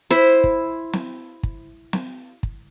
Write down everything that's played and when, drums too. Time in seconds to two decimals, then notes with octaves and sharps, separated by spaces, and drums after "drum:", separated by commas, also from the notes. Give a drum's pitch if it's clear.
0.11 E4 C5
0.44 drum: kick
0.94 drum: snare
1.43 drum: kick
1.93 drum: snare
2.43 drum: kick